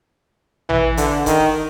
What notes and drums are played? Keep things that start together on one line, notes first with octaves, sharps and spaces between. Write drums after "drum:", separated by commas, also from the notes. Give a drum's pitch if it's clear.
E3, drum: tom
D3, drum: hi-hat
D#3, drum: kick F1, hi-hat